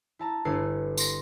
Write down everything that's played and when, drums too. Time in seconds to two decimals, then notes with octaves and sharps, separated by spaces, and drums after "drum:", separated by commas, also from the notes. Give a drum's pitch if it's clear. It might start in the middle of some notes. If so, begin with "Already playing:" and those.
0.19 E4 A5 A#5
0.45 G1 E4 A4 B4 G#6 C7
0.97 C6 A#6, drum: tambourine